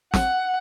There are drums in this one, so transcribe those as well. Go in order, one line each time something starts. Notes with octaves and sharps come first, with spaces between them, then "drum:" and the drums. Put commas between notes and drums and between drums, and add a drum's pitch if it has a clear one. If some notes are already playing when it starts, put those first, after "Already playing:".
F#5, drum: snare